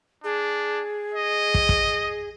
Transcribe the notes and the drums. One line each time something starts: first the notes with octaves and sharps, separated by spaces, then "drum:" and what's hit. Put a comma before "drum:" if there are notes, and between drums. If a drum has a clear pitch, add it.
D4 G#4
D#5
drum: kick
drum: kick